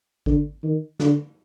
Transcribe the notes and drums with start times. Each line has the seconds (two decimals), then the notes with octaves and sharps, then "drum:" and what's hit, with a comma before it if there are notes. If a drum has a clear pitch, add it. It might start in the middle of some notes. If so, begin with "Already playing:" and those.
0.26 D3, drum: kick G#1
0.63 D#3
1.00 D3, drum: snare